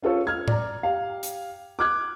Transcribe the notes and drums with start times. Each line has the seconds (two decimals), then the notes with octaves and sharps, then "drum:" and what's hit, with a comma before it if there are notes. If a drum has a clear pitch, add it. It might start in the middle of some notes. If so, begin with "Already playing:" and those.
0.02 C#4 F4 A4 C#5 F5
0.27 F6 G#6
0.48 D5 A#5, drum: tom A2
0.83 G4 F5
1.23 drum: hi-hat
1.79 D6 F6 F#6 G#6